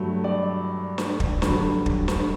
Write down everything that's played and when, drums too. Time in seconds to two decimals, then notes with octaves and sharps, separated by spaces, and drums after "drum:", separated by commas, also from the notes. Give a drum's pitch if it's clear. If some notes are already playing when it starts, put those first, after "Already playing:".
Already playing: G2 F#3 A3
0.24 D5
0.98 drum: snare
1.20 drum: kick
1.42 G2 D3 F#3, drum: snare
1.86 drum: kick
2.08 drum: snare